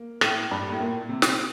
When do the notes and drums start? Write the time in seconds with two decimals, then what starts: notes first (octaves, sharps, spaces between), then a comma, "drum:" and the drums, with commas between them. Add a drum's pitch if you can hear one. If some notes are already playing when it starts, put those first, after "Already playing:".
Already playing: A#3
0.21 A2, drum: rim click
0.51 G2
0.72 A2
0.80 A#2
1.09 C3
1.22 drum: snare